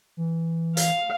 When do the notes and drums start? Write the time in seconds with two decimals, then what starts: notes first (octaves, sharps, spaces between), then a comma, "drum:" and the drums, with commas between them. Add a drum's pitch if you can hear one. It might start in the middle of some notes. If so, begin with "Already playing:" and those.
0.17 E3
0.77 F5, drum: hi-hat